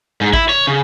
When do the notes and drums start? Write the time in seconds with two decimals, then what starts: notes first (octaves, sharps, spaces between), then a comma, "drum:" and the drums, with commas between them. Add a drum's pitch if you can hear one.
0.21 G#2
0.34 E4, drum: kick G#1
0.49 C#5
0.67 C#3